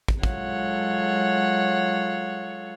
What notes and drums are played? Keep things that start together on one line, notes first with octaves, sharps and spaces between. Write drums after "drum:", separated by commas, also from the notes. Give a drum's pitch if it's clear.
drum: kick
F#3 G#3 F4 A4 C#5 F#5, drum: kick